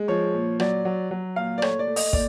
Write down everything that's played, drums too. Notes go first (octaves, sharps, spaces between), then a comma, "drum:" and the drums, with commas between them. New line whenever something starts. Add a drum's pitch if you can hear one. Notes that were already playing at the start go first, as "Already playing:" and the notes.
Already playing: G#3
F3 C#5
A#2
F#3 D5, drum: rim click
F#3
F#3
A#2 F5
D5
A3 C#5, drum: rim click
D5
A3
D#5, drum: open hi-hat
A#2 D5, drum: kick